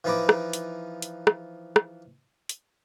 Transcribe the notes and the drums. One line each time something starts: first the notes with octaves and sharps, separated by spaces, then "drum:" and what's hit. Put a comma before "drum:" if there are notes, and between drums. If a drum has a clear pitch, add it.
E3 F3 D#4 B4 A#5 D6
drum: rim click
drum: hi-hat
drum: hi-hat
drum: rim click
drum: rim click
drum: hi-hat